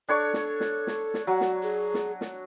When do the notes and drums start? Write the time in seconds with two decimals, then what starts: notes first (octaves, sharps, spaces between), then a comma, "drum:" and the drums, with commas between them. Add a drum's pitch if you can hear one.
0.09 D4 A4 C#5 C#6
0.34 drum: snare
0.60 drum: snare
0.87 drum: snare
1.14 drum: snare
1.27 F#3 F#5
1.41 drum: snare
1.63 G#4
1.94 drum: snare
2.21 drum: snare